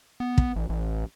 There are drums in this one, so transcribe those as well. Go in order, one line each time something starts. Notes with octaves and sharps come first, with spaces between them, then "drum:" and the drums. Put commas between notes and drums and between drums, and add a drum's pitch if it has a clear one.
B3
drum: kick
A1
A1